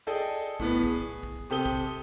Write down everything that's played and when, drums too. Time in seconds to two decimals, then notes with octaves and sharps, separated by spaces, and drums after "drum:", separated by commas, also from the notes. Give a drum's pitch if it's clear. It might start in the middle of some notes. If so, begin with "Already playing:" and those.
0.07 G#4 A4 D5 D#5 G5
0.60 A2 B3, drum: kick
0.84 G#4, drum: kick
1.23 drum: kick
1.50 C3 G4 A4 D#6 G7
1.66 drum: kick